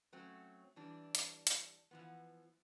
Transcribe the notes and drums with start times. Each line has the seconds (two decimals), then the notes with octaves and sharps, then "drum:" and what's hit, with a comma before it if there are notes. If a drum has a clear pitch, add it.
0.13 F#3 A3 C4 C#4
0.76 E3 G3 D4
1.15 drum: hi-hat
1.47 drum: hi-hat
1.91 E3 F3 B3